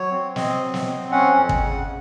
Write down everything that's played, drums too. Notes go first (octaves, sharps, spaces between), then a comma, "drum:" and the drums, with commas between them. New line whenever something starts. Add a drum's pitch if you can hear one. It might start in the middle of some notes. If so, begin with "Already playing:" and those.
Already playing: F#3 C#5
C4
C4 D#5, drum: snare
F#3
drum: snare
C4
C#4 F#5
F2
drum: kick
C#3